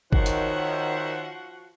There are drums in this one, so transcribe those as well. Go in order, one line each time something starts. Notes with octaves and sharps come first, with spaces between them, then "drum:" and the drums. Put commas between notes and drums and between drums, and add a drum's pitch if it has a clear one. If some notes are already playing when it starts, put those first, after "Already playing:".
D#3 F3 F#4 C5 C#5 E5 F#5, drum: kick
drum: hi-hat